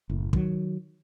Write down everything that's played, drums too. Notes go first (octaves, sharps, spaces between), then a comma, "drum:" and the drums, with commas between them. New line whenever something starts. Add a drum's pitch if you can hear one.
F#1 A2
D#3 F#3, drum: kick